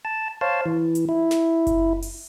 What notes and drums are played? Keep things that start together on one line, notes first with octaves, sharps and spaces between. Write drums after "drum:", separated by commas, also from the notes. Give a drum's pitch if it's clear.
A5
C5 C#5 F5 A5
E3
drum: hi-hat
E4
drum: snare
drum: kick F#1, hi-hat
drum: open hi-hat